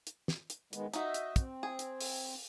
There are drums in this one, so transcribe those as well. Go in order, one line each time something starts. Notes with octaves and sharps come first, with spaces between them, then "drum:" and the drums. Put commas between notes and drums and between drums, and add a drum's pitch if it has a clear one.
drum: hi-hat
drum: snare
drum: hi-hat
D#3 G#3 B3, drum: hi-hat
D#4 F#4 D#5 E5, drum: hi-hat
drum: hi-hat
C4, drum: kick, hi-hat
G#4
drum: hi-hat
drum: open hi-hat